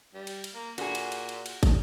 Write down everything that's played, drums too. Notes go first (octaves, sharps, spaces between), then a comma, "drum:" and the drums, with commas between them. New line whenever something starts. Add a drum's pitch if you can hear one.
G3
drum: cymbal
drum: cymbal
A#3
A#2 F#4 G#4, drum: cymbal
drum: cymbal
drum: cymbal
drum: cymbal
drum: cymbal
drum: kick, cymbal